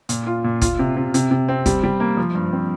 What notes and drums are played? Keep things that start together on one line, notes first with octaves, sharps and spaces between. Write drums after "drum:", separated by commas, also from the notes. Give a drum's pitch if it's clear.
A#2, drum: hi-hat
F4
A#2
F4, drum: kick, hi-hat
C3
C3
C3, drum: hi-hat
C3
C4
G3, drum: kick, hi-hat
G3
A#3
F3
G2
C4